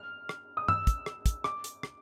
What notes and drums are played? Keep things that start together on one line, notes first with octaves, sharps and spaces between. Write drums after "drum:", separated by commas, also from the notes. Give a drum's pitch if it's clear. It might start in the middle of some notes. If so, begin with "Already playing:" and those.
Already playing: F6
drum: rim click
D#6
E6, drum: tom G2
drum: kick, hi-hat
drum: rim click
drum: kick, hi-hat
D6, drum: rim click
drum: hi-hat
drum: rim click